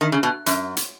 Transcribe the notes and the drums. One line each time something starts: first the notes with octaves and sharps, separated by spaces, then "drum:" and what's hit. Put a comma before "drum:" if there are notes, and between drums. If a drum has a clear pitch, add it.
D#3
C#3
B2
F#2, drum: hi-hat
drum: hi-hat